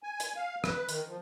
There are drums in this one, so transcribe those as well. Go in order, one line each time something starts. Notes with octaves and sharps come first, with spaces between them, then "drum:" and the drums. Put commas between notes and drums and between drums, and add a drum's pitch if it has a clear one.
G#5
drum: hi-hat
F5
B4, drum: rim click
D#3, drum: hi-hat
F3